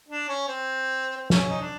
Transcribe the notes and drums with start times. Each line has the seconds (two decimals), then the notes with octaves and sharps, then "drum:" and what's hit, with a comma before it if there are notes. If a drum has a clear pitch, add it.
0.08 D4
0.29 C#4
0.48 C4
1.17 C4
1.30 C#4, drum: snare
1.49 D#4
1.61 D4